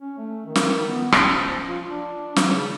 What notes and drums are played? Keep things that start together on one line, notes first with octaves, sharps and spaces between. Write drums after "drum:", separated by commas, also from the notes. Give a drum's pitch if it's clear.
C#4
A3
D#3
drum: snare
B3
C#4, drum: rim click
F3
F4
D4
F#3, drum: snare
C#3